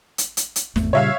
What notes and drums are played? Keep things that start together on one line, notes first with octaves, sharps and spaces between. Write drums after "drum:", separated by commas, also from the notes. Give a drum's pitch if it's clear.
drum: hi-hat
drum: hi-hat
drum: hi-hat
G#1 E2 A3, drum: snare
A#2 C#3 G3 C#5 E5 F5